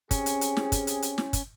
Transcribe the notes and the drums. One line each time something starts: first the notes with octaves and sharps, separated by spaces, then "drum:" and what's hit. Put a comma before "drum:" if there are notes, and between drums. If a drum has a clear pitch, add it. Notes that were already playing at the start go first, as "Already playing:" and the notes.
C4 C#4 G4 G#4, drum: kick, hi-hat
drum: hi-hat
drum: hi-hat
drum: snare
drum: kick, hi-hat
drum: hi-hat
drum: hi-hat
drum: snare
drum: kick, hi-hat